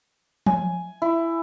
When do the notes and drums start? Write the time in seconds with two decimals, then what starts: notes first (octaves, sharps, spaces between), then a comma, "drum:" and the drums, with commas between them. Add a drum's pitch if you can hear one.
0.46 G#5, drum: tom F3
1.02 E4